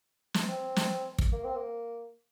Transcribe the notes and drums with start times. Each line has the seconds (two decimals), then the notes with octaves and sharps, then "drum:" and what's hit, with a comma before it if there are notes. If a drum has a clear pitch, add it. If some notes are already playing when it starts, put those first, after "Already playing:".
0.34 drum: snare
0.49 C4
0.76 drum: snare
1.18 drum: kick
1.33 A#3
1.44 C4
1.56 A#3